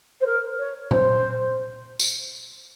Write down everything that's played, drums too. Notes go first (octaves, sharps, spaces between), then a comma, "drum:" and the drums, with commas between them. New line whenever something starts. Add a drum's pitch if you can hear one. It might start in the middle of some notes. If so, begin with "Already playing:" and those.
C5
A#4
C#5
C5, drum: tom A#2
drum: tambourine